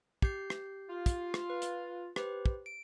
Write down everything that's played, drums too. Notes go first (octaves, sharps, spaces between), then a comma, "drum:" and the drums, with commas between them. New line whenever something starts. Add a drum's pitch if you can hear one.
G4 G6 C7, drum: kick
drum: rim click
F4
drum: kick, hi-hat
drum: rim click
B4
drum: hi-hat
G4 B4 C5, drum: rim click
drum: kick
D7